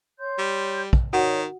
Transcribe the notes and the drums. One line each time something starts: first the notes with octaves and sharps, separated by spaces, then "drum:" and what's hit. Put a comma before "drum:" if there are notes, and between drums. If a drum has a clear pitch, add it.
C#5 C6 G6
G3
drum: kick
D#3 F#4 C#5 D5 F#5